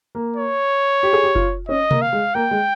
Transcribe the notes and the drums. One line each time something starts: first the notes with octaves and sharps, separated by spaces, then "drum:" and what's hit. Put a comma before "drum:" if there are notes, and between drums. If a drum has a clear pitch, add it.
A#3
C#5
G4
G#4
G4
F4, drum: kick F#1
C#4 D#5
A#3, drum: tom B2
F5
G#3
A#3 G5
G#3